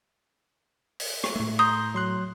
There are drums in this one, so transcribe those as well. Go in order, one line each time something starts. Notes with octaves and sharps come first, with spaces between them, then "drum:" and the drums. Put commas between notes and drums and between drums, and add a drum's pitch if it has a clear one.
drum: open hi-hat
drum: rim click
A2 A3
A#5 C6 D#6 G6
F#3 C6 F#6